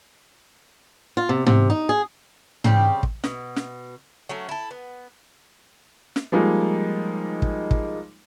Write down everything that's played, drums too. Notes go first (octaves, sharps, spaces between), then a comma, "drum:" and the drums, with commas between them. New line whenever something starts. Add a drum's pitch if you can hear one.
F4
C3
C3, drum: tom G#2
D#4
G#4
C#3 G3 C4 G4, drum: tom G#2
drum: kick
B2, drum: snare
drum: snare
F#3 A3 C#4
E4 A4
B3
drum: snare
F3 G3 G#3 A#3 D#4
drum: kick
drum: kick